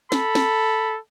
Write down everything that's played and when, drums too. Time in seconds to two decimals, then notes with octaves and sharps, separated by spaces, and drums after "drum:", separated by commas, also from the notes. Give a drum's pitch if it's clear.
0.12 A4 B5, drum: snare
0.35 drum: snare